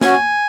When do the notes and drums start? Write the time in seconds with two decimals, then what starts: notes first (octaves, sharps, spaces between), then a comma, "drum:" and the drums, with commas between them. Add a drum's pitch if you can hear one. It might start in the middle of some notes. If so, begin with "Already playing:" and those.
0.01 C#4 F#4 G#5, drum: snare